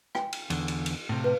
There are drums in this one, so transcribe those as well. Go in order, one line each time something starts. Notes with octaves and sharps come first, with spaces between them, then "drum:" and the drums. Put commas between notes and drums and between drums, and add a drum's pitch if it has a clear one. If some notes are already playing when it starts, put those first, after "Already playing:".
G5 G#5, drum: rim click
drum: cymbal
E2 D3, drum: cymbal
drum: cymbal
drum: cymbal
A2 C3
B4